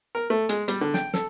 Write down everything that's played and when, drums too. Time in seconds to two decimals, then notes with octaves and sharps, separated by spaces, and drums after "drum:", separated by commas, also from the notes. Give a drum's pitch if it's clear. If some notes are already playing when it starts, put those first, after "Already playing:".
0.15 A#4
0.30 A3
0.49 G#3, drum: hi-hat
0.68 G3, drum: hi-hat
0.81 D3
0.94 G5, drum: snare
1.14 A4, drum: snare